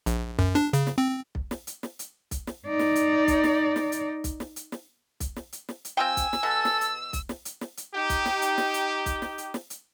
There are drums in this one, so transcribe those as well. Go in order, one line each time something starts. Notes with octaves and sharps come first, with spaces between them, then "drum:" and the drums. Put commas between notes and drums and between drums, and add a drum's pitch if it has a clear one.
A#1, drum: hi-hat
F#2, drum: kick B1
D4, drum: snare
C#3, drum: hi-hat
drum: snare
C4
drum: kick B1
drum: snare
drum: hi-hat
drum: snare
drum: hi-hat
drum: kick B1, hi-hat
drum: snare
D#4 D5
drum: snare
drum: hi-hat
drum: kick B1, hi-hat
drum: snare
drum: snare
drum: hi-hat
drum: kick B1, hi-hat
drum: snare
drum: hi-hat
drum: snare
drum: kick B1, hi-hat
drum: snare
drum: hi-hat
drum: snare
drum: hi-hat
C4 F4 G5 G#5 E6
drum: kick B1, hi-hat
drum: snare
B2 A4
drum: snare
drum: hi-hat
drum: kick B1, hi-hat
drum: snare
drum: hi-hat
drum: snare
drum: hi-hat
D#4 G4
drum: kick B1, hi-hat
drum: snare
drum: hi-hat
drum: snare
drum: hi-hat
drum: kick B1, hi-hat
drum: snare
drum: hi-hat
drum: snare
drum: hi-hat